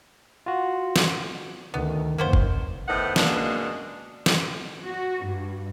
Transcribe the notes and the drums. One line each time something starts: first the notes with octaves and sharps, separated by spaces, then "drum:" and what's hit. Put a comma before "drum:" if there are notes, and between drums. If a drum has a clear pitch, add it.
F4 F#4
drum: snare
D2 D#3 B3
F#1 A#3 B3 C5
drum: kick F#1
A2 D#3 B3 C5 F#5
F#2 B2 G#3 A#3 D4, drum: snare
drum: snare
F#4
G2